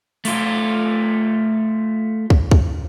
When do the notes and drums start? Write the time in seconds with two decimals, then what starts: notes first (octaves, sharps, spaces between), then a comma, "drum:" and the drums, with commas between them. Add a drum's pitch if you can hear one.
0.25 A3 F4, drum: open hi-hat
2.30 drum: kick
2.51 drum: kick